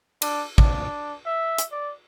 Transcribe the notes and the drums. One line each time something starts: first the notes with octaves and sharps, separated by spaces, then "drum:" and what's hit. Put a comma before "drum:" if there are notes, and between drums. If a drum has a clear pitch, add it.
D4, drum: cymbal
D4, drum: kick A1
E5
drum: hi-hat
D5